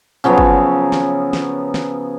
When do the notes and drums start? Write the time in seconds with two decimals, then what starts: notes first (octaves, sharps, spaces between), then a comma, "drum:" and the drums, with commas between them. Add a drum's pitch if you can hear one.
0.24 C#3 F3 F#3 B3
0.38 drum: kick G1
0.92 drum: snare
1.33 drum: snare
1.74 drum: snare